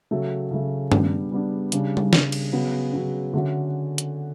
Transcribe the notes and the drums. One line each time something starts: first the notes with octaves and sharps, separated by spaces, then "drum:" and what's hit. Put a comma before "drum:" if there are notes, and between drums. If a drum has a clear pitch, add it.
C#3 F#3 A3
C#3 F#3 A3
G3 B3 D4, drum: tom
G3 B3 D4
C#3 G3 D4, drum: hi-hat
drum: tom G3
C#3 G3 D4, drum: snare
drum: cymbal
C#3 F#3 B3
C#3 F#3 B3
D3 A3 C#4 F#4
drum: hi-hat